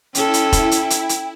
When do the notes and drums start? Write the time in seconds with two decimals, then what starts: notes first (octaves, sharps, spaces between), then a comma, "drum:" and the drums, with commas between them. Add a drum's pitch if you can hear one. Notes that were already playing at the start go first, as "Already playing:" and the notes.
0.15 C#4 E4 A4 G5, drum: hi-hat
0.34 drum: hi-hat
0.53 drum: kick F1, hi-hat
0.71 drum: hi-hat
0.90 drum: hi-hat
1.09 drum: hi-hat